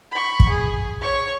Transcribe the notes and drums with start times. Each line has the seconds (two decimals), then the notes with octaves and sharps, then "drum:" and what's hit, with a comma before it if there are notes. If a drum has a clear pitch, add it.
0.11 B5 C#6
0.40 drum: kick
0.49 G#4
1.01 C#5 C#6